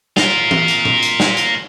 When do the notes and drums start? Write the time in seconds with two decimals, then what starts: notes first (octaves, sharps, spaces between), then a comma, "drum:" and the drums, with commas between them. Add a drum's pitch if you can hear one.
0.17 F4 A#4, drum: snare
0.51 drum: tom E3
0.68 drum: hi-hat
0.85 drum: tom A#2
1.03 drum: hi-hat
1.20 drum: snare
1.37 drum: hi-hat